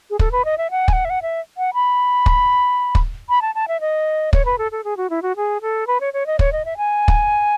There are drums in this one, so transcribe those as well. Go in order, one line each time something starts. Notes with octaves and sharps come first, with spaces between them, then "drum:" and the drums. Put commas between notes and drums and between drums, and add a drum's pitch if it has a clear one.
G#4
A4, drum: kick
B4
D#5
E5
F#5
G#5, drum: kick
F#5
E5
F#5
E5
F#5
B5
drum: kick
drum: kick
B5
A5
A5
E5
D#5
C#5, drum: kick
B4
A4
A4
G#4
F#4
E4
F#4
G#4
A4
B4
C#5
C#5
D#5
C#5, drum: kick
D#5
E5
G#5
drum: kick